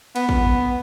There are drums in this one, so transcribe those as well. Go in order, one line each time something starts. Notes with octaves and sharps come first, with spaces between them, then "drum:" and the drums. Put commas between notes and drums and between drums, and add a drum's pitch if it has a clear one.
B3, drum: cymbal
drum: kick